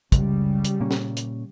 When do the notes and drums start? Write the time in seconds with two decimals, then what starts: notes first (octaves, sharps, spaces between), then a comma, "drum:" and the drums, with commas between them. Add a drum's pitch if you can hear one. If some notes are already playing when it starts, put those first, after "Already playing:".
0.12 F#1 C#2 C#3 G3, drum: kick, hi-hat
0.65 drum: hi-hat
0.80 A#2 A#3 C#4
0.91 drum: snare
1.17 drum: hi-hat